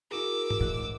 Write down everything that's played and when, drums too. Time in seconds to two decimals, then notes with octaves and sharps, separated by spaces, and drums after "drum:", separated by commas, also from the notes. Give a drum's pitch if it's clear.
0.11 E4 F#4 G#4 A#4 D6 E6
0.50 drum: tom G#2
0.60 E1 A2 F#6